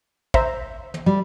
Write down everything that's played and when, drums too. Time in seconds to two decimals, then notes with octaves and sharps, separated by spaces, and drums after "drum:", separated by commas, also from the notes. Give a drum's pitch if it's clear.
0.34 C5 E5 A#5, drum: kick
0.94 drum: tom
1.06 G3